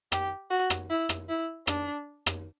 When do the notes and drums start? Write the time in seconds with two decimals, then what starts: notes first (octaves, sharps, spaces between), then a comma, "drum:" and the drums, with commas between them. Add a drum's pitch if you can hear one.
0.12 G4, drum: rim click
0.50 F#4
0.70 drum: rim click
0.90 E4
1.09 drum: rim click
1.29 E4
1.67 D4, drum: rim click
2.26 drum: rim click